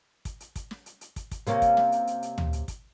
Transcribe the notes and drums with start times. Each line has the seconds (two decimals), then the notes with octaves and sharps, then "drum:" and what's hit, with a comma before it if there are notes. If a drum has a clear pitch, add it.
0.25 drum: kick, hi-hat
0.40 drum: hi-hat
0.56 drum: kick, hi-hat
0.71 drum: snare
0.86 drum: hi-hat
1.01 drum: hi-hat
1.16 drum: kick, hi-hat
1.31 drum: kick, hi-hat
1.47 C3 A#3 C#4, drum: hi-hat
1.62 drum: kick, hi-hat
1.77 drum: snare
1.92 drum: hi-hat
2.07 drum: hi-hat
2.22 drum: hi-hat
2.38 drum: tom
2.53 drum: hi-hat
2.68 drum: kick, hi-hat